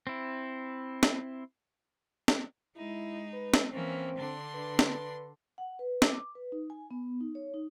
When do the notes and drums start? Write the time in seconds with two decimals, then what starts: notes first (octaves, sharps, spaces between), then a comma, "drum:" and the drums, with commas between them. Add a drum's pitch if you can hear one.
0.07 C4 E4
1.03 drum: snare
2.28 drum: snare
2.77 G#3 D#4 E4
3.33 B4
3.54 drum: snare
3.72 E3 A#3 C4 C#4
4.16 D3 D4 C6
4.55 B4
4.79 drum: snare
5.58 F#5
5.79 B4
6.02 D6, drum: snare
6.35 B4
6.52 D#4
6.70 G#5
6.91 B3
7.21 D#4
7.35 C#5
7.54 D#4